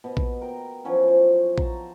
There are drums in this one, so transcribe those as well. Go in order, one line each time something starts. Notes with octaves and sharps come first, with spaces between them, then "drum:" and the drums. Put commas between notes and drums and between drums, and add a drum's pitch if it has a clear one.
B2 D#5
drum: kick A#1
A#4 G5
F3 F#3 C#4 E4
C5
A5 A#5, drum: kick A#1